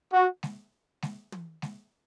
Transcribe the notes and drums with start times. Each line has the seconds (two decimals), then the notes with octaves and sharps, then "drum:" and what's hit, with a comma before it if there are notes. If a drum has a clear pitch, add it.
0.13 F#4
0.43 drum: snare G#3
1.02 drum: snare G#3
1.32 drum: tom
1.62 drum: snare G#3